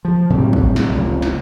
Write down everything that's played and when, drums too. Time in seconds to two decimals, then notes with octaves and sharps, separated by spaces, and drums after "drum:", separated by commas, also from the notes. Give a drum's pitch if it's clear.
0.05 F3
0.30 A2 C3 F#3 G3
0.53 drum: kick
0.76 drum: snare
0.89 F1 C#2
1.22 drum: snare